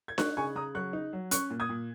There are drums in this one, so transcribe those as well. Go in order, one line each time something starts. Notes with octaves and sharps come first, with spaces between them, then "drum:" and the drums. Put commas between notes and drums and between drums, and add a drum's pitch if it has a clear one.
G#6
D#4 C#6 F#6, drum: snare D4
C#3 G#5 C#6
C#3 A#5 D#6
F#3 C#6 F#6
D#4
F#3
C#4 C#6 F#6, drum: hi-hat
A#2
D#6 G#6
A#2